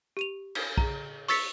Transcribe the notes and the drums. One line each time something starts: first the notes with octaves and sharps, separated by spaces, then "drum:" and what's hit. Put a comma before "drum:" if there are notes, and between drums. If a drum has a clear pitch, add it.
G4 D#7 F7
drum: cymbal
G#4 A#5, drum: kick
C#6 E6 A6 B6 C#7, drum: open hi-hat